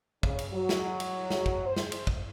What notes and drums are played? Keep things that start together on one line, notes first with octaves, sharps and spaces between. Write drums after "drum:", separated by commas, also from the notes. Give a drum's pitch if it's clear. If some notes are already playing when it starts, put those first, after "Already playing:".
C#3, drum: kick
drum: cymbal
F#3
drum: snare
drum: cymbal
drum: snare
drum: kick
C5
drum: snare
drum: cymbal
drum: kick